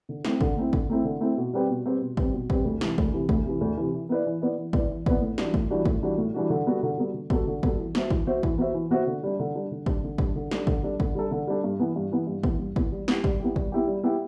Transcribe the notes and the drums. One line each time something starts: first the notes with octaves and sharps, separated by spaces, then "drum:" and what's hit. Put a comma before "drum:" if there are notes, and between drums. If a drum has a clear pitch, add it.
D3
A3 C4 E4, drum: snare
D3, drum: kick
A3 C4 E4
D3, drum: kick
A3 C4 E4
D3
A3 C4 E4
B2
G3 C4 G4 B4
B2
G3 C4 G4 B4
B2
G3 C4 G4 B4, drum: kick
B2
G3 C4 G4 B4, drum: kick
D2
C3 E3, drum: snare
D2, drum: kick
C3 E3
D2, drum: kick
C3 E3
D2
C3 E3
E3
B3 E4 B4 D5
E3
B3 E4 B4 D5
E3
B3 E4 B4 D5, drum: kick
E3
B3 E4 B4 D5, drum: kick
A2
E3 G3 D4 F#4, drum: snare
A2, drum: kick
E3 G3 D4 F#4
A2, drum: kick
E3 G3 D4 F#4
A2
E3 G3 D4 F#4
D3
G3 B3 F#4 A4
D3
G3 B3 F#4 A4
D3
G3 B3 F#4 A4, drum: kick
D3
G3 B3 F#4 A4, drum: kick
E3
B3 F#4 C5 E5, drum: snare
E3, drum: kick
B3 F#4 C5 E5
E3, drum: kick
B3 F#4 C5 E5
E3
B3 F#4 C5 E5
D3
G3 D4
D3
G3 D4
D3
G3 D4, drum: kick
D3
G3 D4, drum: kick
D3
G3 D4 A4, drum: snare
D3, drum: kick
G3 D4 A4
D3, drum: kick
G3 D4 A4
D3
G3 D4 A4
G2
E3 B3
G2
E3 B3
G2
E3 B3, drum: kick
G2
E3 B3, drum: kick
G3
B3 E4 G4, drum: snare
G3, drum: kick
B3 E4 G4
G3, drum: kick
B3 E4 G4
G3
B3 E4 G4